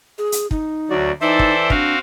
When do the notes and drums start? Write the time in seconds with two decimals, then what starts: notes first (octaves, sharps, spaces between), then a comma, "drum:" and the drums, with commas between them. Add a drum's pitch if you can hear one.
0.18 G#4
0.32 drum: hi-hat
0.51 D#4, drum: kick
0.90 D2 F#3 F#4 D5
1.21 E3 D#4 A4 C5 D5 E5
1.39 drum: kick
1.70 C4 D4 F#4 F5, drum: kick